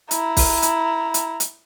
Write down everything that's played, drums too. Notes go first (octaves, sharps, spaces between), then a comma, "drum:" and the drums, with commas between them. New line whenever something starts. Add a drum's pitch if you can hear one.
E4 A#5, drum: hi-hat
drum: kick, open hi-hat
drum: hi-hat
drum: hi-hat
drum: hi-hat